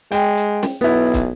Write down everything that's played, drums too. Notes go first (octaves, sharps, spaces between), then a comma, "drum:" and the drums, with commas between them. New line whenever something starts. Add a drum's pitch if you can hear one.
G#3 G5, drum: hi-hat
drum: hi-hat
drum: snare
B1 B3 E4
drum: kick, hi-hat